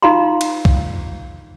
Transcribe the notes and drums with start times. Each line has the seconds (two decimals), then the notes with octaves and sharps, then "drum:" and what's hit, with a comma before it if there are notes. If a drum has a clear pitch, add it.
0.02 D#4 F4 F5 A#5 C6
0.41 drum: cymbal
0.65 drum: kick